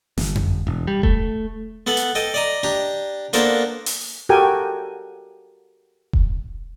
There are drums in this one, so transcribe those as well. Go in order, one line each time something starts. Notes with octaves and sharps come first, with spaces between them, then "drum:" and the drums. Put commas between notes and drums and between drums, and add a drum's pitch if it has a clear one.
G1, drum: snare
drum: tom F2
E1
G3
A3, drum: kick E1
B3 A4 F#5
drum: hi-hat
A4 D#5 G5
D5 D#5 A#5
D4 G4 A#5
A#3 B3 D4 A4 A#4 C5, drum: hi-hat
drum: open hi-hat
F#4 G4 A4 A#4 G5 G#5
drum: kick E1